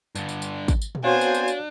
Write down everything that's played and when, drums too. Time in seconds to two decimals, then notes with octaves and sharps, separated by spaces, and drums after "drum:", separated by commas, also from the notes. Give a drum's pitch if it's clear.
0.15 G2 D3, drum: tambourine
0.29 drum: tambourine
0.42 drum: tambourine
0.68 drum: kick, tambourine
0.82 drum: tambourine
0.95 drum: tom A#2
1.04 B3 C4 D4 F#4 C5 C#5 F5 G#5
1.21 drum: tambourine
1.35 drum: tambourine
1.48 drum: tambourine